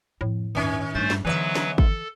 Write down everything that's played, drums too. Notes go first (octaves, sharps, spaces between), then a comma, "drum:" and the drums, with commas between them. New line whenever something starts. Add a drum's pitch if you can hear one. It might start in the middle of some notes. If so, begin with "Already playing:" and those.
F2 A2
G1 D#2 D#3 C#4
G2 A3 C5 A6
drum: snare
G#2 D3 E3 F#3 B3 B4 C#5 E5
drum: snare
A4, drum: kick